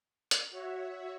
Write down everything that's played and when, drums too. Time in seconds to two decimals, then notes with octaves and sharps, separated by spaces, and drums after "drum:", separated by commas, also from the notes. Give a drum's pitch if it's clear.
0.31 drum: hi-hat
0.50 F#4 C#5 E5